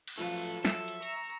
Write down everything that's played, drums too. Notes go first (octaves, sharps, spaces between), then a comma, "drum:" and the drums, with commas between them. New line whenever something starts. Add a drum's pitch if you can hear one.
drum: cymbal
F3 F#3 A3 F4 A4 B4 F5
E5, drum: snare
drum: hi-hat
A#5 C#6 E6, drum: hi-hat